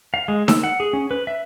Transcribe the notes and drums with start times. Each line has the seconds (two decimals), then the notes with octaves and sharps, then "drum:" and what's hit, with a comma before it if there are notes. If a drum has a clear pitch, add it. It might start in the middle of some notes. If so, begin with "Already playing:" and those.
0.14 F5
0.28 G#3
0.48 E6, drum: snare D#4
0.64 F#5
0.80 G#4
0.93 C#4
1.11 B4
1.27 E5